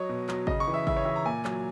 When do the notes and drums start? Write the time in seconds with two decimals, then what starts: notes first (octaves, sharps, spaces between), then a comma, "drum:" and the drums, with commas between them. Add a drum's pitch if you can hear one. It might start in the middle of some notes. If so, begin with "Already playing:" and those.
Already playing: F#3 C#5 D#5
0.09 B2
0.29 F#3, drum: clap
0.47 C#3 D#5, drum: kick G#1
0.60 C#6
0.68 E3
0.74 E5
0.87 C#3 E5, drum: kick G#1
0.97 C#5
1.05 E3 E5
1.16 A#5
1.25 A#2 G#5
1.45 F#3, drum: clap